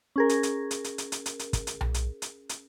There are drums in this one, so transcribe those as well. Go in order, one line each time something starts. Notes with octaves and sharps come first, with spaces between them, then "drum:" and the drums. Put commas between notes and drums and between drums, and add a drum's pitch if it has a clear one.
C#4 G#4 A#4
drum: hi-hat
drum: hi-hat
drum: hi-hat
drum: hi-hat
drum: hi-hat
drum: hi-hat
drum: hi-hat
drum: hi-hat
drum: kick, hi-hat
drum: hi-hat
drum: tom B1
drum: hi-hat
drum: hi-hat
drum: hi-hat